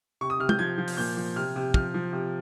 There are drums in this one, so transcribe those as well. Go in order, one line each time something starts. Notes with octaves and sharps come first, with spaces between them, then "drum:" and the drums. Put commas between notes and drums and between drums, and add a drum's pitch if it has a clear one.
C3 C#6
D#6
C3 F6
G6, drum: tom
F3 G#6
F3
drum: open hi-hat
A#2 G6
F3
C3 F6
C3
F3 F6, drum: kick
F3
C3